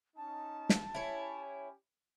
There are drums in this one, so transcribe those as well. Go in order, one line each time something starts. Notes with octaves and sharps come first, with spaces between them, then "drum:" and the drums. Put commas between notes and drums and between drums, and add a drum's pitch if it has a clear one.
C#4 D#4 A5
drum: snare
C#4 E4 G4 C#5 G#5